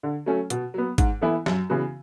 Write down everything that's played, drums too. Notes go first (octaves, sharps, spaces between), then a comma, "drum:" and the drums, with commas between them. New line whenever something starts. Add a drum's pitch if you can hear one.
D3
F#3 A3 C#4
B2, drum: hi-hat
F#3 B3
G#2, drum: kick, hi-hat
E3 B3 E4 A4
F#2, drum: snare
C#3 E3 B3 F#4